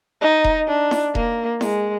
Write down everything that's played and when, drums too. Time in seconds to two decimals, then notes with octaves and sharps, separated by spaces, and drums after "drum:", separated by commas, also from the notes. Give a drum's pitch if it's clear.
0.21 D#4
0.44 drum: kick E1
0.68 D4
0.91 drum: snare E4
1.15 A#3, drum: kick E1
1.61 G#3, drum: snare E4